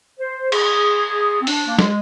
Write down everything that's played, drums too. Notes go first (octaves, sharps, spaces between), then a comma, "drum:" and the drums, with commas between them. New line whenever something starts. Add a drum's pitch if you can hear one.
C5
G#4, drum: cymbal
C4
D4, drum: open hi-hat
A#3
G#3, drum: snare